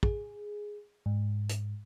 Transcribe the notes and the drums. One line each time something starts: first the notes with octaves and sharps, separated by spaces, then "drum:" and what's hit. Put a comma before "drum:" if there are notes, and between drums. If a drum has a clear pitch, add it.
G#4, drum: kick
G#2
drum: hi-hat